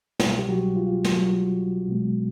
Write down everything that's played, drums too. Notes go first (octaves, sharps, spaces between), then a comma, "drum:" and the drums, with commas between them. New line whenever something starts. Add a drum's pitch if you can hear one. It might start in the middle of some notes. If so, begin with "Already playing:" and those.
C2 B2 G3, drum: snare
G4
F#3 F#4
F4
F#3 F#4, drum: snare
B2 G#3 B3